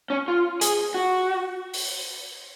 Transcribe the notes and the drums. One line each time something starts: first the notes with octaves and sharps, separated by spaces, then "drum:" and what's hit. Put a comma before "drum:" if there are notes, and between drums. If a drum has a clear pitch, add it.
C#4
F4
G#4, drum: hi-hat
F#4
drum: open hi-hat